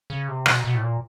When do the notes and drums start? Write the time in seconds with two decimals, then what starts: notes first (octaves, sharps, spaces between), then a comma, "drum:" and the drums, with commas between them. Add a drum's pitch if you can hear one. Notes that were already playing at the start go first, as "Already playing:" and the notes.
0.10 C#3
0.28 C3
0.46 B2, drum: rim click
0.64 B2
0.75 A2
0.81 A#2